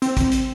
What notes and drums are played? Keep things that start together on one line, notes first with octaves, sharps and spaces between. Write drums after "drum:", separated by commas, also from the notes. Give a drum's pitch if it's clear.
C4, drum: hi-hat
drum: kick, hi-hat
drum: hi-hat